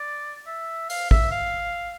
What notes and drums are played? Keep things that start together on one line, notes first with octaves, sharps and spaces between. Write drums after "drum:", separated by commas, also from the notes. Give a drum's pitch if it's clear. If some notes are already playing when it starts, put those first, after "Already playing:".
Already playing: D5
E5
F5, drum: open hi-hat
E5, drum: kick
F5